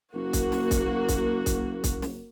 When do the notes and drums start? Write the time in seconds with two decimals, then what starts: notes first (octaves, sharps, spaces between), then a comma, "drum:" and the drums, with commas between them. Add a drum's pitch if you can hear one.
0.14 F#1 A#3 F#4
0.33 drum: kick, hi-hat
0.52 drum: snare
0.71 drum: kick, hi-hat
1.08 drum: kick, hi-hat
1.46 drum: kick, hi-hat
1.84 drum: kick, hi-hat
2.02 drum: snare